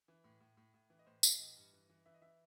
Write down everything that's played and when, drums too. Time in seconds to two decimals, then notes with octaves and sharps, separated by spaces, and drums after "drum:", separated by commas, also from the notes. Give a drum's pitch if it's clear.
0.08 E3
0.24 A2
0.40 A2
0.57 A2
0.74 A2
0.90 E3
0.99 D#5
1.06 A2 C5
1.23 A2 D#5, drum: tambourine
1.39 E3 D#5
1.57 G2
1.73 E3
1.89 E3
2.06 E3 E5
2.14 D#5
2.22 E3 E5